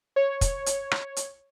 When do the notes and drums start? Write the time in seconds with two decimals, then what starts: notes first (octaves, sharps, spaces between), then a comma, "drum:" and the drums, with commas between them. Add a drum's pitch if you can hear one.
0.16 C#5
0.41 drum: kick, hi-hat
0.66 drum: hi-hat
0.91 drum: rim click
1.17 drum: hi-hat